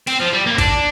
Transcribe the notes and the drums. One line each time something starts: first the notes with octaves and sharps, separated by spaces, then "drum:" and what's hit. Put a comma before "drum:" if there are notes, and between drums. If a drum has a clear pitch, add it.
C4, drum: cymbal
F3
G3
A#3
C4
D4, drum: kick A1, cymbal